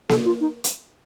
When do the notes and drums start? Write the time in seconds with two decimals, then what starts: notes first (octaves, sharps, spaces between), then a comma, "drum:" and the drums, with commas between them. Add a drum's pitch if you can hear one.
0.09 A4, drum: snare A#3
0.25 F4
0.41 D#4
0.64 drum: hi-hat